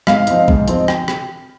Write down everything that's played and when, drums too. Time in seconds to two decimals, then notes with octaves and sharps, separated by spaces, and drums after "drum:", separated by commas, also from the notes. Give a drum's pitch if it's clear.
0.07 G#2 F5, drum: rim click
0.27 F3 C4 D#4, drum: hi-hat
0.48 G#2, drum: kick
0.68 F3 C4 D#4, drum: hi-hat
0.88 G5, drum: rim click
1.08 drum: rim click